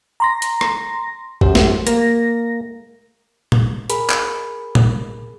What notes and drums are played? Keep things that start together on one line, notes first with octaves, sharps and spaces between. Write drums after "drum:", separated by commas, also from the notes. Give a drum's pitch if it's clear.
A#5 C6 A#6
drum: hi-hat
drum: rim click
F#2 G4 C5, drum: kick
drum: snare
A#3 A#6, drum: hi-hat
drum: tom A#2
G#4 A#4 B5, drum: hi-hat
drum: clap
drum: tom A#2